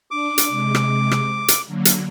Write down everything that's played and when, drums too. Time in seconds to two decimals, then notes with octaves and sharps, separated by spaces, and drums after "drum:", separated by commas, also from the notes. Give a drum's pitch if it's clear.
0.11 D4 D6
0.38 drum: hi-hat
0.48 C3 G#3
0.75 drum: rim click
1.11 drum: rim click
1.48 drum: hi-hat
1.67 D3 F#3 A#3
1.85 drum: hi-hat